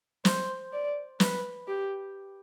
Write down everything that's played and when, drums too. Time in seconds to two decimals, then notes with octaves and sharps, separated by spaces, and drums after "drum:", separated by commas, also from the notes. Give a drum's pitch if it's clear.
0.25 C5, drum: snare
0.73 D5
1.20 B4, drum: snare
1.68 G4